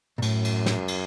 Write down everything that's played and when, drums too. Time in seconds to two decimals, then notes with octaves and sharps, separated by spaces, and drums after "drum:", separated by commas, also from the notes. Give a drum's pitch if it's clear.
0.18 A#2
0.22 F#2 A2, drum: cymbal
0.45 drum: cymbal
0.66 drum: snare
0.88 drum: cymbal